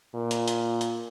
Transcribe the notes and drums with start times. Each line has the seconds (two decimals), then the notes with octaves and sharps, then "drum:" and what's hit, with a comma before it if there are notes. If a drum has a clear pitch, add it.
0.14 A#2
0.31 drum: hi-hat
0.48 drum: hi-hat
0.81 drum: hi-hat